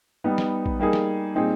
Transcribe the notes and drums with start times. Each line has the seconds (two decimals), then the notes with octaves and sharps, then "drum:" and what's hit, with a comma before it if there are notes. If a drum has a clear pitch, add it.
0.24 G3 B3 D#4
0.38 drum: snare
0.66 drum: kick
0.79 G3 A#3 D#4 G#4
0.93 drum: snare
1.34 A#2 G3 C4 D#4 G#4